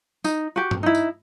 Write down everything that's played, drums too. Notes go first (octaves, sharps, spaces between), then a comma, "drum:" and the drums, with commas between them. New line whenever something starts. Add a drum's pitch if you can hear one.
D#4, drum: tambourine
F#4 G4
drum: tom G2
D#4 E4
drum: tambourine